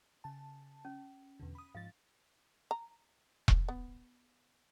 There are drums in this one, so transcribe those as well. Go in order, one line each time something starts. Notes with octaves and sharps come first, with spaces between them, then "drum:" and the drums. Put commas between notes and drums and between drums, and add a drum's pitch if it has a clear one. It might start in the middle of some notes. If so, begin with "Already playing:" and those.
C#3 A5
C#4
E2 B2 D3
B5 D#6
G#2 F3 F5 A6
A#5
drum: kick E1
B3